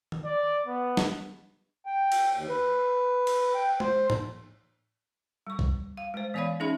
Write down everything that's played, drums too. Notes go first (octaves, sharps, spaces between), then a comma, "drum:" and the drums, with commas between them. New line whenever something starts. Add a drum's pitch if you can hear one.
drum: tom D#3
D5
B3
drum: snare
G5
drum: cymbal
D#2
B4
drum: cymbal
G5
C5, drum: tom G#3
drum: tom A2
G3 C#6
drum: kick
F5
G#3 C5
E3 B3 C#5 D5 F5 B5
C#4 D#4 G#4 E5 B5